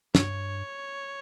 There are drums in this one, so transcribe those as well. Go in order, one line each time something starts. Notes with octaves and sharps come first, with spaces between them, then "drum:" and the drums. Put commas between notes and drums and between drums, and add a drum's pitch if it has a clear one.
G2 C#5, drum: snare